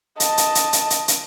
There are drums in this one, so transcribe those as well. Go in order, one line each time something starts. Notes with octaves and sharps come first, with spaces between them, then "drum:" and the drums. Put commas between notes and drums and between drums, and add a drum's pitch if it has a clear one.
D#5 A5, drum: hi-hat
drum: hi-hat
drum: hi-hat
drum: hi-hat
drum: hi-hat
drum: hi-hat